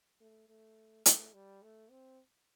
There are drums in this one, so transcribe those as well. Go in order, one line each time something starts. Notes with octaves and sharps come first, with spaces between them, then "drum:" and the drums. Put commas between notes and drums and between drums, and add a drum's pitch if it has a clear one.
A3
A3
A3, drum: hi-hat
G3
A3
C4